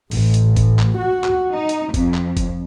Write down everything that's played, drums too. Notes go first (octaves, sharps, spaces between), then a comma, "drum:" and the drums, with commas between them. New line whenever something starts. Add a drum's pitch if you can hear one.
A1, drum: open hi-hat
drum: hi-hat
drum: kick, hi-hat
drum: clap
F#4
drum: clap
D#4
drum: hi-hat
F2, drum: kick, hi-hat
drum: clap
drum: kick, hi-hat